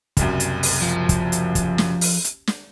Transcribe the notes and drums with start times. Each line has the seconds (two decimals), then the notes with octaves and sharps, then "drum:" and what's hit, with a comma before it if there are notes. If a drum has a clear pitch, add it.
0.17 F#1 C2 F#2, drum: kick, hi-hat
0.40 drum: hi-hat
0.63 drum: open hi-hat
0.82 F3
1.09 drum: kick, hi-hat
1.32 drum: hi-hat
1.55 drum: kick, hi-hat
1.78 drum: snare
2.01 drum: open hi-hat
2.24 drum: hi-hat
2.47 drum: snare